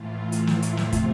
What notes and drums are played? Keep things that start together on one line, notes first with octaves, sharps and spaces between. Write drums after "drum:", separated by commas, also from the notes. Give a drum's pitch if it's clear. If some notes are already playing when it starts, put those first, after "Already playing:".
Already playing: A2 E3 A3 F4
E4, drum: hi-hat
drum: snare
drum: hi-hat
E2 C3 F3 A3 C4 F4, drum: snare
drum: kick, hi-hat